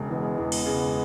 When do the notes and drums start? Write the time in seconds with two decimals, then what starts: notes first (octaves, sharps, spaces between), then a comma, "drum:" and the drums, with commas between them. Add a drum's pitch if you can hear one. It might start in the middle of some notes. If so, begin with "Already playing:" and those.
Already playing: E1 E2 C#3
0.09 E3 G#3 B3
0.38 E2
0.52 drum: cymbal
0.66 C#3